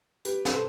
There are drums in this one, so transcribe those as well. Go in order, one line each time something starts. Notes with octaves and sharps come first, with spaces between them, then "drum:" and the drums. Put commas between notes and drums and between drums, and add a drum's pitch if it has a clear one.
G4 B4, drum: hi-hat
B4, drum: snare
A4 C5